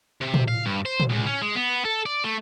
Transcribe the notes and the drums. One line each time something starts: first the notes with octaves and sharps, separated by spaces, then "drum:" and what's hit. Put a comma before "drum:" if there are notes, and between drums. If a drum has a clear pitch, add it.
C3
drum: tom
F5
G2
C5
drum: tom
C#2
C#4
G#3
B3
A4
D5
A3